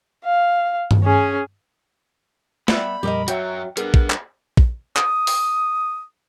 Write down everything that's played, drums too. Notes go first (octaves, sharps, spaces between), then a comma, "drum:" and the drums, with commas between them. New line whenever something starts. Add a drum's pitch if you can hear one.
F5
drum: tom G2
C#4 G#4
G3 B3 E5 B5, drum: snare
F2 A#2 G3 G4 A#4 D#5
F#2 F#3 F#4 C#5 E5 G5, drum: hi-hat
G3 B3 D4 G#4 A#4, drum: hi-hat
drum: kick
drum: clap
drum: kick
D#6, drum: clap
drum: open hi-hat